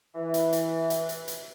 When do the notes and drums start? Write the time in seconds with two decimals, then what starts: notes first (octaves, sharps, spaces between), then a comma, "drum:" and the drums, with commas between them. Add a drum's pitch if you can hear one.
0.15 E3
0.34 drum: hi-hat
0.53 drum: hi-hat
0.90 drum: hi-hat
1.09 drum: hi-hat
1.28 drum: hi-hat